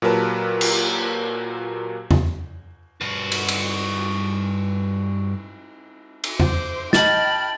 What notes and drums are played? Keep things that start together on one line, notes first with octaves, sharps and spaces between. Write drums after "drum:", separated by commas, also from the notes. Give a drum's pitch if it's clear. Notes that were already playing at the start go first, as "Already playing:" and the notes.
A#2 F#3 G4 A#4 B4 A5
drum: cymbal
drum: tom E2
G2 F#4
drum: cymbal
drum: cymbal
drum: cymbal
C5 D6, drum: tom E2
D#5 G5 A5 B5 F6 A6 F#7, drum: snare